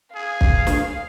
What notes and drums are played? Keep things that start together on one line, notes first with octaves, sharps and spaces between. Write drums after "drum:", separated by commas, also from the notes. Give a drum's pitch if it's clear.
G#4 F5
drum: kick
drum: snare